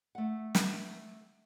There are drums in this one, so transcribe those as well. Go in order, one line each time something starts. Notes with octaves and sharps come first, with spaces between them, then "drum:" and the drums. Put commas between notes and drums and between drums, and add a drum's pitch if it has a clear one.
A3 F#5
drum: snare